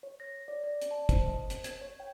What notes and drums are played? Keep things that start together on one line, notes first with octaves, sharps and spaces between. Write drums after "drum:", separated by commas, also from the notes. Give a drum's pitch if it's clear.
C#5
A#6
D5
D5
drum: hi-hat
A5
C5, drum: kick, hi-hat
D#5
drum: hi-hat
G#6, drum: hi-hat
C#5
G5